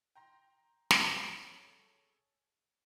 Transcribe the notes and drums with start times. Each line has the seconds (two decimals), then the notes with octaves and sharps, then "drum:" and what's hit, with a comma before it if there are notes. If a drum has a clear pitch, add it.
0.15 G5 A#5 C6 A#6
0.91 G#4 A4 C#5, drum: snare